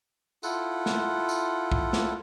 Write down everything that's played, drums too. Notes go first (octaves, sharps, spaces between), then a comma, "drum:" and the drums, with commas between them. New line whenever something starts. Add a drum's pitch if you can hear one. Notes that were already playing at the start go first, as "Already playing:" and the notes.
E4 F4 A4 F#5, drum: tambourine
drum: snare
drum: tambourine
drum: kick
drum: snare